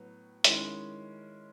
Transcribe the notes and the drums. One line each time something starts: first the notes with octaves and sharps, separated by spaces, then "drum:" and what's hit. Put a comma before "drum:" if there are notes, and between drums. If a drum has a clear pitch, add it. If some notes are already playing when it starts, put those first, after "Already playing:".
Already playing: A2 F#3 B3
D#3 G#3 C#4 E4, drum: hi-hat